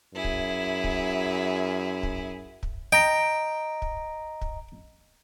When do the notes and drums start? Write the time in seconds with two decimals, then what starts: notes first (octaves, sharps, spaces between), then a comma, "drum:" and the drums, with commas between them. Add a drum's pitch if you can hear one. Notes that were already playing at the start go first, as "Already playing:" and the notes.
0.14 F#2 E4 G#4
0.24 drum: kick
0.84 drum: kick
2.03 drum: kick
2.63 drum: kick
2.92 D#5 G5 A#5 A#6
3.82 drum: kick
4.41 drum: kick